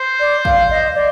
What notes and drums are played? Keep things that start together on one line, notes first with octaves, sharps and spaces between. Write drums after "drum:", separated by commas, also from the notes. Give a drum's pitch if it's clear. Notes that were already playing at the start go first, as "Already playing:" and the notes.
Already playing: C5
D5
F5, drum: kick
D#5
D5